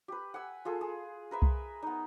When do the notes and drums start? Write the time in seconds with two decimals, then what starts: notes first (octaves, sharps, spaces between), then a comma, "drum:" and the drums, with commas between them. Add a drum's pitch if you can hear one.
0.08 G4 B4
0.34 F#5 G#5 E6
0.65 F4 G#4 A4
0.81 G#4
1.31 A#4 B4 E5
1.42 drum: kick C2
1.83 B3 D#4